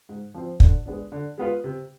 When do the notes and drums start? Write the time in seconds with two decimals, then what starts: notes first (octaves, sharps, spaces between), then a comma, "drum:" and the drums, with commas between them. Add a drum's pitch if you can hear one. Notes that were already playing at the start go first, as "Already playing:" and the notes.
0.09 G#2
0.34 F3 C4 F4 C5
0.60 D3, drum: kick
0.86 G#3 B3 D4
1.12 D3
1.38 G#3 B3 F4 B4
1.64 C3